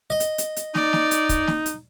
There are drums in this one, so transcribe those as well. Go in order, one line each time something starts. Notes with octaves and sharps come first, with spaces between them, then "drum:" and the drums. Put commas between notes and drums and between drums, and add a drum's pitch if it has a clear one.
D#5
drum: hi-hat
drum: hi-hat
drum: hi-hat
D#4 D5, drum: snare
drum: snare
drum: hi-hat
drum: kick, hi-hat
drum: snare
drum: hi-hat